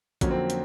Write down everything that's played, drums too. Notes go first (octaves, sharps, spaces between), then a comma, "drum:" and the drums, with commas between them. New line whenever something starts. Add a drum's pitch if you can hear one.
F2 D3 F#3 A#3 C#4, drum: kick A1, hi-hat
C4
drum: hi-hat